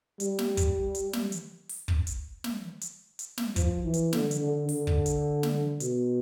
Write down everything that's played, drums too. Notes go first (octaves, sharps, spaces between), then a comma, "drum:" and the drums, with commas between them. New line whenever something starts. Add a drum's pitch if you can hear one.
G3, drum: hi-hat
drum: snare
drum: kick, hi-hat
drum: hi-hat
drum: snare
drum: hi-hat
drum: open hi-hat
drum: kick
drum: hi-hat
drum: snare
drum: hi-hat
drum: hi-hat
drum: snare
F3, drum: kick, hi-hat
E3
drum: hi-hat
D3, drum: snare
drum: hi-hat
D3
D3, drum: open hi-hat
drum: kick
drum: hi-hat
drum: snare
B2, drum: hi-hat